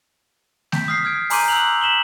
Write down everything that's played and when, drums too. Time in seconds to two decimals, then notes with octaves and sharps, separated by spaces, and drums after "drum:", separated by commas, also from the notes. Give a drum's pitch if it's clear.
0.72 G6 B6, drum: snare A3
0.88 D#6 F6 B6 C7
1.05 F6 G#6 D7
1.30 G#5 A#5 C6 D6 G6 D#7, drum: open hi-hat
1.48 E6 F#6 G6 F7 F#7
1.82 B6 E7 F#7 G7